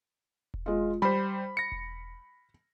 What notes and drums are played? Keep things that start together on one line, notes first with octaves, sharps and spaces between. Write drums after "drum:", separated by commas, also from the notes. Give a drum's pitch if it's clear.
drum: kick E1
G#3 F4
G3 C5 B5
A#6 C#7
drum: kick E1